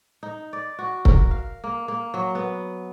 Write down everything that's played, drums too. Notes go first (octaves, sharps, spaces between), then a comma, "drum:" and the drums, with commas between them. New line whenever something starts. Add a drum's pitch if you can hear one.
D#4
D5
F#4
A#4, drum: kick C#1
F5
A#3
A#3
F#3
B3